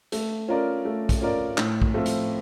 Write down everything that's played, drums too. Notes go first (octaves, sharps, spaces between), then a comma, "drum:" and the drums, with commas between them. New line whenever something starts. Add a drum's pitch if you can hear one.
A3, drum: hi-hat
C#4 F4 A#4 D5
A3
drum: kick, hi-hat
C#4 F4 A#4 D5
A2, drum: clap
drum: kick
F3 A3 C4 F4
drum: hi-hat